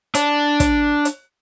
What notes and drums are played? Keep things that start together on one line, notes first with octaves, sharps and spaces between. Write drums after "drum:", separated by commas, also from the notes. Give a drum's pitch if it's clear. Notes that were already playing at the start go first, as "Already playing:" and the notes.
D4, drum: hi-hat
drum: kick, hi-hat
drum: hi-hat